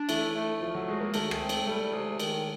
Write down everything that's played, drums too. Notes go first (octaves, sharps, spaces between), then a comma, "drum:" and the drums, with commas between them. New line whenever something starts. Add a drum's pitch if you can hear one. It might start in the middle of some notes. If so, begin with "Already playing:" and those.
Already playing: D4
E3 A3 E4, drum: cymbal
A3
F3 A3 F4
F#3 F#4
G#3 F#4 G#4
A#3 A#4
D#3 A3 A4, drum: cymbal
G#3 G#4, drum: rim click
C4
A3 A4, drum: cymbal
G3 A3 A4
C3 G#3 G#4
D#3, drum: cymbal